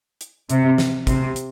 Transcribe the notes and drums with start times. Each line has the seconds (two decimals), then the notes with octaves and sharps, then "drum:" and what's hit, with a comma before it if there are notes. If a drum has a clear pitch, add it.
0.21 drum: hi-hat
0.50 C3, drum: hi-hat
0.78 drum: snare
1.07 C3, drum: kick, hi-hat
1.36 drum: hi-hat